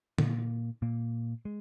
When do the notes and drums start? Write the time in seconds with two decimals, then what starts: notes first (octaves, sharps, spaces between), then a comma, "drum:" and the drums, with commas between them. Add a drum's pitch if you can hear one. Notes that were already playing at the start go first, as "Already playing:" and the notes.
0.18 A#2 A#3, drum: tom D3
0.82 A#2 A#3
1.45 G#3